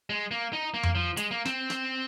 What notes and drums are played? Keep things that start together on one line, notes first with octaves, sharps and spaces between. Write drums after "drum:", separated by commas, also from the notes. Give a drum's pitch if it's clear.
G#3
A#3
D#4
A#3
drum: tom F2
F3
G#3, drum: hi-hat
A#3
C4, drum: snare
drum: snare